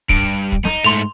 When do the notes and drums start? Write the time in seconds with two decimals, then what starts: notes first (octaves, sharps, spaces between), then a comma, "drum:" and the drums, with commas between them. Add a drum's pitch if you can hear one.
0.09 G2 D7, drum: kick
0.52 drum: kick
0.65 D#4, drum: snare
0.84 G#2 A3 C6 F7